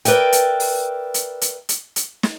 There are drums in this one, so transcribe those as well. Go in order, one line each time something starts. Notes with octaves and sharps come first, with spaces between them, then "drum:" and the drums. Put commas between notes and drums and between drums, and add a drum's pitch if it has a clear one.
A#4 B4 D5 E5 G5, drum: hi-hat
drum: hi-hat
drum: open hi-hat
drum: hi-hat
drum: hi-hat
drum: hi-hat
drum: hi-hat
drum: snare